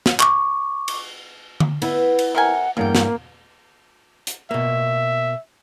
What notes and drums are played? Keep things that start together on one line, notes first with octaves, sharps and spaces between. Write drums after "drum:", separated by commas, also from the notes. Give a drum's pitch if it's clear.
drum: snare
C#6 D6, drum: clap
drum: cymbal
drum: tom D3
B3 E4 B4, drum: cymbal
drum: cymbal
C3 A#4 F#5 G#5
E2 G2 C#3 A#3 G5
drum: snare
drum: hi-hat
B2 A#3 E5